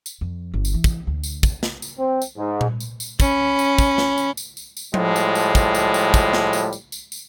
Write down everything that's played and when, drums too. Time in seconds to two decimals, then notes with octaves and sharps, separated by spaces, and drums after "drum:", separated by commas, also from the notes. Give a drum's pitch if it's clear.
0.06 drum: tambourine
0.21 F2
0.54 G1
0.65 drum: tambourine
0.74 E3
0.84 drum: kick, tambourine
1.07 D2
1.24 drum: tambourine
1.43 drum: kick, tambourine
1.63 drum: snare
1.82 drum: tambourine
1.97 C4
2.22 drum: tambourine
2.36 G#2
2.61 drum: tom A#2
2.80 drum: tambourine
3.00 drum: tambourine
3.20 C#4 B5, drum: kick, tambourine
3.59 drum: tambourine
3.78 drum: kick, tambourine
3.98 drum: snare
4.18 drum: tambourine
4.37 drum: tambourine
4.57 drum: tambourine
4.77 drum: tambourine
4.94 A2 F3 G3 G#3, drum: tom F3
5.16 drum: tambourine
5.35 drum: tambourine
5.55 drum: kick, tambourine
5.75 drum: tambourine
5.94 drum: tambourine
6.14 drum: kick, tambourine
6.33 drum: snare
6.53 drum: tambourine
6.73 drum: tambourine
6.92 drum: tambourine
7.12 drum: tambourine